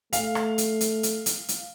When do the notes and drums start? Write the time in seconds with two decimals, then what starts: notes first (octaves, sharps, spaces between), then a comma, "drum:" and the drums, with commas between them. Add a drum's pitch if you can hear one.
0.13 A3 F5, drum: hi-hat
0.35 drum: rim click
0.58 drum: hi-hat
0.81 drum: hi-hat
1.03 drum: hi-hat
1.26 drum: hi-hat
1.49 drum: hi-hat